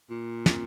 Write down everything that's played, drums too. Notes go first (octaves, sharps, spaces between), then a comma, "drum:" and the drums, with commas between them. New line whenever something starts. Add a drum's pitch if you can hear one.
A#2
drum: snare